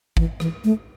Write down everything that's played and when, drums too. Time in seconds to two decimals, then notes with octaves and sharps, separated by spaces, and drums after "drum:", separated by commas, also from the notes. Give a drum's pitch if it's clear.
0.17 E3, drum: kick
0.40 E3, drum: rim click
0.64 A3